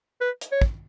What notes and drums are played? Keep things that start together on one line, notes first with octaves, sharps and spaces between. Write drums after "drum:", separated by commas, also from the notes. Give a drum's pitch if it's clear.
B4
drum: hi-hat
C#5
drum: kick